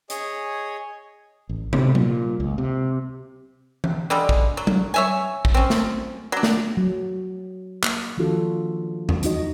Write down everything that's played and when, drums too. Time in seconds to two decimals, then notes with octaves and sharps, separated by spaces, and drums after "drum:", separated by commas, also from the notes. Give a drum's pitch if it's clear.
0.10 G#4 C#5 D#5, drum: hi-hat
1.49 A1
1.73 C3, drum: tom
1.95 A#2, drum: tom F#3
2.40 C#2
2.58 C3
3.84 drum: tom E3
4.10 D3 G3 G#3
4.29 drum: kick A#1
4.57 F#3
4.67 drum: tom F#3
4.94 C#5 E5 G#5
5.45 drum: kick A#1
5.54 C4 C#4
5.70 drum: snare
6.32 F#3 D4
6.43 drum: snare
6.77 F#3
7.83 A#3, drum: clap
8.17 D#3 F3 D4 F4 F#4 A4
9.09 drum: tom E2
9.23 E3 D#4 F#4 D#5, drum: hi-hat